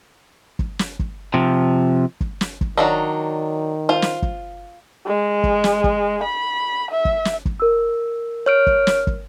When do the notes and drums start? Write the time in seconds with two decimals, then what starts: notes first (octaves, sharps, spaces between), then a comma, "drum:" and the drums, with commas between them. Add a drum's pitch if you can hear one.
0.59 drum: kick
0.79 drum: snare
0.99 drum: kick
1.34 C3 F3
2.21 drum: kick
2.41 drum: snare
2.61 drum: kick
2.78 D#3 F#3 D4 D#4
3.89 F4 C5
4.02 drum: snare
4.22 drum: kick
5.06 G#3
5.44 drum: kick
5.64 drum: snare
5.84 drum: kick
6.23 B5
6.90 E5
7.05 drum: kick
7.25 drum: snare
7.45 drum: kick
7.60 A#4 E6
8.46 C#5 F6 D7
8.67 drum: kick
8.87 drum: snare
9.07 drum: kick